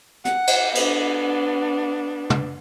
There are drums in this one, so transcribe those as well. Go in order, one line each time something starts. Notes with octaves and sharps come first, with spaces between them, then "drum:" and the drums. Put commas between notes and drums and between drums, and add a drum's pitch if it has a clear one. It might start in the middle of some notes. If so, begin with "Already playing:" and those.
F#5, drum: hi-hat
drum: cymbal
B3 D4, drum: cymbal
drum: tom